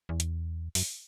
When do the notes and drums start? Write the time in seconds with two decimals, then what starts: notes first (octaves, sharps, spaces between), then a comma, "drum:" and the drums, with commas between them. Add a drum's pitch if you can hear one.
0.09 E2
0.20 drum: hi-hat
0.75 F#2, drum: open hi-hat